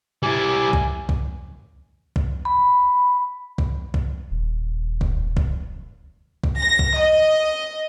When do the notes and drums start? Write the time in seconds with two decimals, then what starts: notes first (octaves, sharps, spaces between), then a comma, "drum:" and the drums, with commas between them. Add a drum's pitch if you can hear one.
0.23 G3 E4 G#5 D6
0.73 drum: kick
1.09 drum: kick
2.16 drum: kick
2.45 B5
3.58 drum: kick
3.94 drum: kick
4.31 D#1
5.01 drum: kick
5.37 drum: kick
6.44 drum: kick
6.58 A#6
6.79 drum: kick
6.97 D#5